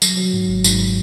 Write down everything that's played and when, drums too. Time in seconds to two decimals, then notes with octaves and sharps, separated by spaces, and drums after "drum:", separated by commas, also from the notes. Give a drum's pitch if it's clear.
0.02 F#3, drum: tambourine
0.17 F#3
0.33 G#2
0.48 G#1
0.64 G#2, drum: tambourine